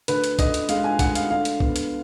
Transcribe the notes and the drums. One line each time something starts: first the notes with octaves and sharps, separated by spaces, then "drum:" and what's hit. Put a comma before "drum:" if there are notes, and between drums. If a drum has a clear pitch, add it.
D2 B4, drum: hi-hat
drum: hi-hat
D3 D#5, drum: kick B1, hi-hat
drum: hi-hat
G#3 F5, drum: hi-hat
G#5
D2 F#5, drum: kick B1, hi-hat
F5, drum: hi-hat
D3 F5
drum: hi-hat
B3, drum: kick B1
drum: hi-hat